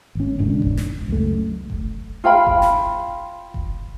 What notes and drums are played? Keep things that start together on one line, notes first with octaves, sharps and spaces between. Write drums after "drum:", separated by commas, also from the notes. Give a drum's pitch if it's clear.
G#1 C#4
E1 G#2 C#3 D4
drum: kick F1
drum: snare
C#2 F#2 A3
drum: kick F1
F4 F5 G5 B5
drum: kick F1
drum: snare
drum: kick F1